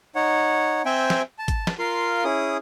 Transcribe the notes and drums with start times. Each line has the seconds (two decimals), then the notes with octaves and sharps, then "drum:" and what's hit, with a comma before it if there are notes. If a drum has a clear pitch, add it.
0.15 D#4 C#5 F#5
0.85 C4 C5 E5 G5 G#5
1.10 drum: snare
1.39 A5
1.48 drum: kick, hi-hat
1.67 drum: snare
1.79 F4 A#4 F5 C6
2.24 C#4 E4 G#4 D#6